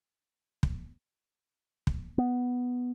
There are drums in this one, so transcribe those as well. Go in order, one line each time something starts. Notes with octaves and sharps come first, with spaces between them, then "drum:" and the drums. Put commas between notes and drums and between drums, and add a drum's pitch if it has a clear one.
drum: kick
drum: kick
B3